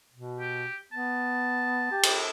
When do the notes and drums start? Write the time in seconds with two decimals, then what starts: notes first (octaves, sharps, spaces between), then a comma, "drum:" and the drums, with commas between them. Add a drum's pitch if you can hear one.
0.14 B2
0.40 G4
0.93 B3 A5
1.91 G4
2.03 drum: cymbal